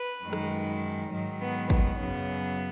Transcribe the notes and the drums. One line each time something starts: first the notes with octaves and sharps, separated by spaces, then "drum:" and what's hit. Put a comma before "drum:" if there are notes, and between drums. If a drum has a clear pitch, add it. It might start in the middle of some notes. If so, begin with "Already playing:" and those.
Already playing: B4
F#2 D#3 G#3
drum: rim click
G#2 D#3 F#3
B3
B3, drum: kick
F#2 C#3 F#3